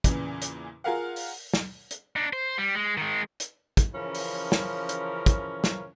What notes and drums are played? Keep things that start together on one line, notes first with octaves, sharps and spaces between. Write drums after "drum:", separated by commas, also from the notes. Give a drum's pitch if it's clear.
E2 A#2 C#3 E3, drum: kick, hi-hat
drum: hi-hat
F4 G#4 A#4 F5 F#5
drum: open hi-hat
drum: snare
drum: hi-hat
D4 D#4
C5
G3
G#3
D#3 G#3
drum: hi-hat
drum: kick, hi-hat
C#3 E3 F3 C#4 A#4
drum: open hi-hat
drum: snare
drum: hi-hat
drum: kick, hi-hat
drum: snare